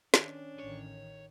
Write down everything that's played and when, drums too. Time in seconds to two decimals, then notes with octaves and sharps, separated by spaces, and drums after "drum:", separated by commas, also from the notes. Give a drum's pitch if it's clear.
0.14 D#3 C#4 D4, drum: snare
0.60 A1 D#3 C#5